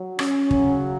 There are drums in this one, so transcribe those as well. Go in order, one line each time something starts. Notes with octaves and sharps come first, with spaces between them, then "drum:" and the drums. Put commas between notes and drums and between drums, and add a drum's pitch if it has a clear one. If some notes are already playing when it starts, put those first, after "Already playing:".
Already playing: F#3
C#4, drum: rim click
C#3 F#3, drum: kick